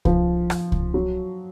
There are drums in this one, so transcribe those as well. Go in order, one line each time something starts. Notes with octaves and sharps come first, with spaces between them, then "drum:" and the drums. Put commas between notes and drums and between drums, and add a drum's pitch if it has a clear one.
F3, drum: kick C2
drum: rim click
drum: kick C2
F#3